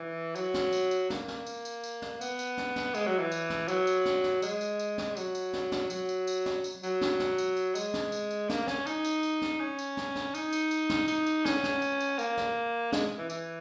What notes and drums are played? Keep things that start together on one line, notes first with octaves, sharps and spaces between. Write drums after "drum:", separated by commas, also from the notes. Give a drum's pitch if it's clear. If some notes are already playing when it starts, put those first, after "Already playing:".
Already playing: E3
F#3, drum: tambourine
drum: snare
drum: tambourine
drum: tambourine
A#3, drum: snare
drum: snare
drum: tambourine
drum: tambourine
drum: tambourine
drum: snare
B3, drum: tambourine
drum: tambourine
drum: snare
drum: snare
G#3, drum: tambourine
F#3
E3
drum: tambourine
drum: snare
F#3, drum: tambourine
drum: tambourine
drum: snare
drum: snare
G#3, drum: tambourine
drum: tambourine
drum: tambourine
drum: snare
F#3, drum: tambourine
drum: tambourine
drum: snare
drum: snare
F#3, drum: tambourine
drum: tambourine
drum: tambourine
drum: snare
drum: tambourine
F#3, drum: tambourine
drum: snare
drum: snare
drum: tambourine
drum: tambourine
G#3, drum: tambourine
drum: snare
drum: tambourine
drum: tambourine
A#3, drum: snare
C#4, drum: snare
D#4, drum: tambourine
drum: tambourine
drum: tambourine
drum: snare
C#4
drum: tambourine
drum: snare
drum: snare
D#4, drum: tambourine
drum: tambourine
drum: tambourine
drum: snare
D#4, drum: tambourine
drum: tambourine
C#4, drum: snare
drum: snare
drum: tambourine
drum: tambourine
A#3, drum: tambourine
drum: snare
G#3, drum: snare
E3
E3, drum: tambourine